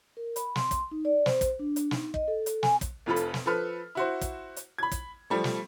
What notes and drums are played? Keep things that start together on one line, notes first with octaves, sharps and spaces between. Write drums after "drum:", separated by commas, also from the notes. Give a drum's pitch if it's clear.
A#4
B5, drum: hi-hat
C6, drum: snare
drum: kick, hi-hat
D#4
D5
C5, drum: snare
drum: kick, hi-hat
D4
drum: hi-hat
D#4, drum: snare
D#5, drum: kick
A4
drum: hi-hat
G#5, drum: snare
drum: kick, hi-hat
F1 F2 F4 A4 B5
drum: hi-hat
drum: snare
F3 A4 B4 F6
E4 F#4 C5
drum: kick, hi-hat
drum: hi-hat
B5 G#6
drum: kick, hi-hat
F3 G3 A3
drum: snare